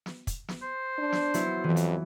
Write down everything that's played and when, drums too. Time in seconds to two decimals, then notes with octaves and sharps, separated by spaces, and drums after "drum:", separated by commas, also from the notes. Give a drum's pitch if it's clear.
0.06 drum: snare
0.27 drum: kick, hi-hat
0.48 drum: snare
0.62 C5
0.98 D4
1.12 drum: snare
1.34 F#3 B3 E4, drum: hi-hat
1.64 F2 E3
1.76 drum: hi-hat